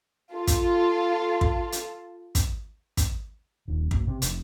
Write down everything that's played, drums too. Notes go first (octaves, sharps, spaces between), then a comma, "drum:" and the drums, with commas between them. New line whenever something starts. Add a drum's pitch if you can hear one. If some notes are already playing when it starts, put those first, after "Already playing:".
F4 A4
drum: kick, hi-hat
drum: kick
drum: hi-hat
drum: kick, hi-hat
drum: kick, hi-hat
D#1
F#1, drum: kick
C3
F1, drum: hi-hat